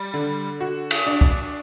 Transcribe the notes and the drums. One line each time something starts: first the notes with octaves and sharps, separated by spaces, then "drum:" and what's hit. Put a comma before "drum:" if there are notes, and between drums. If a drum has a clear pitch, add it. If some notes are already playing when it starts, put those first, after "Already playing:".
Already playing: G3
D3
F#4
drum: cymbal
D4
drum: kick